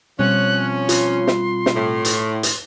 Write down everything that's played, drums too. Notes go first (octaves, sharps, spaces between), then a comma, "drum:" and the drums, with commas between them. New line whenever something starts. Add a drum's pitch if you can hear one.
B2 F3 G3 C4 C#4 F#6
F4 C6, drum: hi-hat
drum: snare
drum: snare
A2
drum: hi-hat
drum: hi-hat